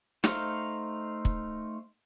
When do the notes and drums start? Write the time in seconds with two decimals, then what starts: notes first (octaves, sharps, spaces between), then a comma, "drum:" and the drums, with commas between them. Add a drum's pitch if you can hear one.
0.24 A3 D#4 C5 F5, drum: snare
1.25 drum: kick